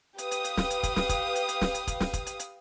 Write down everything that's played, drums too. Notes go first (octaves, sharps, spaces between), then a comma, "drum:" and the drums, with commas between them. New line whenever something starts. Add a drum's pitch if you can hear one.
G4 B4 F5 D#6, drum: hi-hat
drum: hi-hat
drum: hi-hat
drum: snare
drum: hi-hat
drum: kick, hi-hat
drum: snare
drum: kick, hi-hat
drum: hi-hat
drum: hi-hat
drum: snare
drum: hi-hat
drum: kick, hi-hat
drum: snare
drum: kick, hi-hat
drum: hi-hat
drum: hi-hat